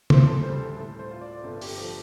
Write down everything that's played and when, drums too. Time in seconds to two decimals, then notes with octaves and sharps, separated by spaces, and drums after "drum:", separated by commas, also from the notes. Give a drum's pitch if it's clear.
0.10 D2 C5, drum: tom
0.27 A4
0.43 G3 C5
0.60 A4
0.77 A2 A4
0.99 C5
1.11 F4
1.21 D5
1.44 G1 A4
1.61 G4, drum: open hi-hat
1.78 F3 A4